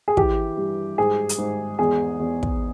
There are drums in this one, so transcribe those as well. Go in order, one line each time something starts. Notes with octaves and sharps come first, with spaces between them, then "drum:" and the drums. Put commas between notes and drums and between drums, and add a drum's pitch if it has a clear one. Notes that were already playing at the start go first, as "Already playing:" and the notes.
G#4
E3 G4, drum: kick
G2
G#2 G#4
drum: hi-hat
G#2
E2 G#4
E2
drum: kick